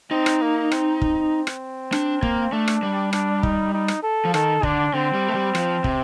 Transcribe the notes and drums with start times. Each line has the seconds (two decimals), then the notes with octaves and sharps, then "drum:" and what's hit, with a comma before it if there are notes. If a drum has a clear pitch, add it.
0.11 C4 D#4
0.26 drum: rim click
0.42 A#3
0.72 C4, drum: rim click
1.02 drum: kick
1.47 drum: rim click
1.92 D4, drum: rim click
2.23 A#3, drum: kick
2.52 A3 D4
2.68 drum: rim click
2.83 G3
3.13 D4, drum: rim click
3.43 D#4, drum: kick
3.73 D#4
3.88 drum: rim click
4.03 A4
4.25 F3
4.34 D#3 A4, drum: rim click
4.63 D3 D4, drum: kick
4.94 D3 C4
5.14 G3
5.29 A3
5.34 G3
5.55 F3, drum: rim click
5.84 C3, drum: kick